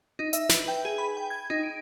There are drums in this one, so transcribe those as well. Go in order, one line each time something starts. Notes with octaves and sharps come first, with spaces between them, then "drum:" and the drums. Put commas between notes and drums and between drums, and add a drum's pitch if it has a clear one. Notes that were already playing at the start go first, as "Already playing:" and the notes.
D#4
E5, drum: hi-hat
B4, drum: snare
G5
G#4
B5
G5
G#6
D#4
D7